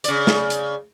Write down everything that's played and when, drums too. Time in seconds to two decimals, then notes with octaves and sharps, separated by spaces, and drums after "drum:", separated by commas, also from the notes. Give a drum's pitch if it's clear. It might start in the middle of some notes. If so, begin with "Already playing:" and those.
0.04 C#3 D5, drum: hi-hat
0.27 drum: snare
0.50 drum: hi-hat